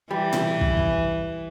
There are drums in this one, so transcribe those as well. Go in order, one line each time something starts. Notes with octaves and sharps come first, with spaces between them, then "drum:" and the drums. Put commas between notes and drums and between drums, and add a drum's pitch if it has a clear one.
E3 G3
drum: tom A#2
drum: kick
drum: kick